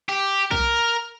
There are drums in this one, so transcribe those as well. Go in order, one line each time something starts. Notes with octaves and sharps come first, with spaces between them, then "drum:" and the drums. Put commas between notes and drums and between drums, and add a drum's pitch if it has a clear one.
G4
A#4, drum: kick B1